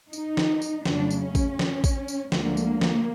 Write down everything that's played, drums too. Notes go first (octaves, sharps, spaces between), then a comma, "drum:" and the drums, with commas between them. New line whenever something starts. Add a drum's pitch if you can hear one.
D#4, drum: tambourine
drum: snare
drum: tambourine
F2 C#3 F#3 A3 D4, drum: snare
drum: tambourine
C#4
drum: kick A1, tambourine
drum: snare
drum: kick A1, tambourine
drum: tambourine
D2 D3 F3 G#3 A#3, drum: snare
drum: tambourine
drum: snare